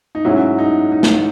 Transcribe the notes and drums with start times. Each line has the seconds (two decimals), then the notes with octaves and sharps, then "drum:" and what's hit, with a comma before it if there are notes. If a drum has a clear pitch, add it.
0.15 D#4
0.25 G#2 F#3 C#4 E4
0.58 D#4
0.92 D#4
1.03 drum: snare